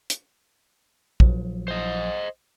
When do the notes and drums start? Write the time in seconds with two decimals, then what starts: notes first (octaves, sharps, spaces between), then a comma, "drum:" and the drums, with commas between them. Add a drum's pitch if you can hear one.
0.10 drum: hi-hat
1.20 A#1 F3 F#3, drum: kick A#1
1.68 C5 D#5